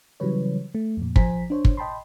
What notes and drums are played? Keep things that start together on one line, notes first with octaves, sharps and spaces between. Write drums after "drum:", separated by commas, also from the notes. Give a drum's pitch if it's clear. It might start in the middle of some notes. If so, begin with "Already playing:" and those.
C#3 E3 F#3 G3 B4 C#5
A3
F2 A#2
A1 F3 C5 G#5 A#5 B6, drum: kick
D4 C5 C#5
drum: kick
D#5 G5 A5 B5 C6